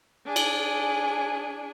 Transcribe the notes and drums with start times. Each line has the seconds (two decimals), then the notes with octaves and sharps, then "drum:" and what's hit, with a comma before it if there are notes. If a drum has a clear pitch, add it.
0.24 D4 G#4 G#5
0.36 drum: cymbal